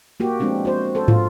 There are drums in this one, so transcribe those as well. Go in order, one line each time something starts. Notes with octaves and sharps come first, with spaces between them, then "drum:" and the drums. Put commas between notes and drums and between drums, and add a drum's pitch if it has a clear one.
A#3 F#4 G4
F3 G#3 B3 C4 D4
F#4 C5
A4 C5
F4, drum: tom